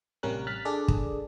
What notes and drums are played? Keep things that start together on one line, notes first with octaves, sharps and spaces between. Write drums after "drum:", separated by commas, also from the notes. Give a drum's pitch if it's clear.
A1 C3 G3 C#4 A#4 F#6
F6 F#6 A6 B6
D4 G#4 A4 D5
drum: kick